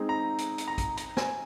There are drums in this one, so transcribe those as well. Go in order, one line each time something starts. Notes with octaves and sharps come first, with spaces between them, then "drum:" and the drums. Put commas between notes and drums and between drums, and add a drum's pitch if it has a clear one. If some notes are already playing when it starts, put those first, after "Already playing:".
Already playing: G#3 C4 D#4 G#4
A#5
drum: hi-hat
drum: hi-hat
A#5
drum: kick, hi-hat
A#5, drum: hi-hat
G#5, drum: snare